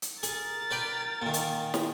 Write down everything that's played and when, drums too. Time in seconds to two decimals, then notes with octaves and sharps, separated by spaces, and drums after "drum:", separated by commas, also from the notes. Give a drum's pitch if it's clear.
0.02 drum: hi-hat
0.23 G#4 A#4 A6, drum: hi-hat
0.71 B4 D5 G5
1.22 A#2 D#3
1.34 drum: hi-hat
1.74 drum: snare